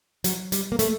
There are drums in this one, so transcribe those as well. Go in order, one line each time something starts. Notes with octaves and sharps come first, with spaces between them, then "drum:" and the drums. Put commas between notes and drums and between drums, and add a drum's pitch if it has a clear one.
F#3, drum: hi-hat
G3, drum: hi-hat
A#3
A3, drum: hi-hat